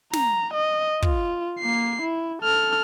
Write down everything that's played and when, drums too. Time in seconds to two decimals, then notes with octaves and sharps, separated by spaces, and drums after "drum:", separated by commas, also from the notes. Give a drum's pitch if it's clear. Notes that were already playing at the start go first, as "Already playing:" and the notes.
0.13 A#5, drum: snare
0.54 D#5
1.02 F4, drum: kick
1.59 A#3 C7
2.02 E4
2.42 A4 F6